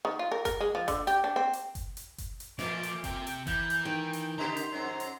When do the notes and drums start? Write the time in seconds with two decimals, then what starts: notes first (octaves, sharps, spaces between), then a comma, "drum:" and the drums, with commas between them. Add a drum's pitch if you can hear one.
0.05 D#3
0.19 F4
0.32 A#4
0.45 A#4, drum: kick F#1, hi-hat
0.60 G#3
0.75 F3
0.88 D3, drum: kick F#1, hi-hat
1.07 G4, drum: hi-hat
1.24 D4
1.36 C4
1.53 drum: hi-hat
1.75 drum: kick F#1, hi-hat
1.97 drum: hi-hat
2.18 drum: kick F#1, hi-hat
2.40 drum: hi-hat
2.59 A2 F3 A3 D6, drum: snare
2.83 drum: hi-hat
3.04 C3 G5, drum: kick F#1, hi-hat
3.27 drum: hi-hat
3.47 E3 A#3 G6, drum: kick F#1, hi-hat
3.70 drum: hi-hat
3.85 D#3 G5
4.13 drum: hi-hat
4.38 C#3 B3 G4 A#5 C6
4.57 drum: hi-hat
4.72 F2 G#2 F#3
5.00 drum: hi-hat